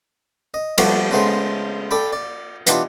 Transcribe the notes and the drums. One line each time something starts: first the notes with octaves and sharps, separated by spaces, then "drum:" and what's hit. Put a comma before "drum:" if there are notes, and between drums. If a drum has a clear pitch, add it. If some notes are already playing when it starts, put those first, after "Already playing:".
D#5
F3 G3 A3 B3 F#4 G4, drum: cymbal
C#3 G#3 A3 B3 G#4 C5
A4 D5 G5 B5
D5
E3 B3 D4 D#4 F4 G4, drum: hi-hat